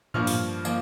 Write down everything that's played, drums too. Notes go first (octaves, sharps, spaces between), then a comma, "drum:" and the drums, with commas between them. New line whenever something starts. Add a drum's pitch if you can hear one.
G2 F3 A#3 C#6 F6, drum: tom A2
drum: open hi-hat
F3 A#3, drum: tambourine